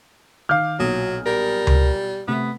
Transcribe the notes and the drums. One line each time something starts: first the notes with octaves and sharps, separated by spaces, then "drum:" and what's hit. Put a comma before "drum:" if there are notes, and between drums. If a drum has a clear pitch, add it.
D#3 F5 D6 F6 G6
B1 A#2 F#3 D#6
G3 A#4
drum: tom C#2
C3 A3 B3